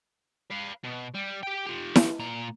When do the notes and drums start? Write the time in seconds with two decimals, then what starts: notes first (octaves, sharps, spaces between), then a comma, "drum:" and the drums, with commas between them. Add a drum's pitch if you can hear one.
0.50 B4 F5
0.84 B2
1.14 G3
1.43 G4 G5
1.66 F4 G4
1.96 drum: snare E4
2.20 A#2 A#5